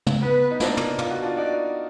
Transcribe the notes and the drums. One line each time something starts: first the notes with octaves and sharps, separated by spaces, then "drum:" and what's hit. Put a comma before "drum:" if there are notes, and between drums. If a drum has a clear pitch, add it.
drum: tom
B3 B4
D#4
A#3 D4, drum: snare
drum: tom
F4, drum: tom
F#4
D4 F4
D#4 F#4 D5